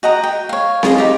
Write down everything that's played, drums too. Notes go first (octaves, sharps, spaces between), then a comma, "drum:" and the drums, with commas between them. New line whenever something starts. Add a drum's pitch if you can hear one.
F#4 D#5 G5 A#5
G5
C#5 F5
F4 G#4 D#5, drum: snare C4
D#4 G4